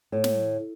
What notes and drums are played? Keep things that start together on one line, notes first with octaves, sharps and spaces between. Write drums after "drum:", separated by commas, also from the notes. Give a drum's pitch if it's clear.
A2
drum: snare